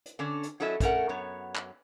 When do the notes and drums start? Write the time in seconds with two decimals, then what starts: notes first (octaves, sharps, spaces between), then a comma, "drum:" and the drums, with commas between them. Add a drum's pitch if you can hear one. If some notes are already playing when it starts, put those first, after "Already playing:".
0.06 drum: hi-hat
0.19 D3 C#4 D4
0.43 drum: hi-hat
0.60 F#3 C#4 E4 A4 D#5 E5
0.80 A3 C#4 A#4 F#5, drum: kick, hi-hat
1.09 F#2 B3 C#5
1.55 drum: clap